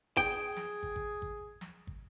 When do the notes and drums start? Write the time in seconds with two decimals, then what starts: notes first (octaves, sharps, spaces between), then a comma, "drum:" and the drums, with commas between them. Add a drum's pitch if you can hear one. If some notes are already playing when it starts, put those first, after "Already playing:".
0.17 G#4 G5, drum: kick
0.57 drum: snare
0.83 drum: kick
0.96 drum: kick
1.22 drum: kick
1.61 drum: snare
1.87 drum: kick